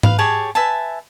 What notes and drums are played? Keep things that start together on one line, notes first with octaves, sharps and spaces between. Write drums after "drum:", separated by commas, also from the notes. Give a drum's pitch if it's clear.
B4 F5, drum: tom G#2
G4 G#4 C#5 A5
B4 E5 G#5 A5